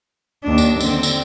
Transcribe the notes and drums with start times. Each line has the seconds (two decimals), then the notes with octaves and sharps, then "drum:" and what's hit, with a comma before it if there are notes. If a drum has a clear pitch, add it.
0.44 D#2 D4
0.58 drum: tambourine
0.81 D3 C4, drum: tambourine
1.03 drum: tambourine